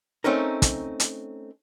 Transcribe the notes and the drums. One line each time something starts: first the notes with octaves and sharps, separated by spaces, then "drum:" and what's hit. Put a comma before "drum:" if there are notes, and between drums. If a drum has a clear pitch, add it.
A3 C4 C#4 D#4 A#4
drum: kick, hi-hat
drum: hi-hat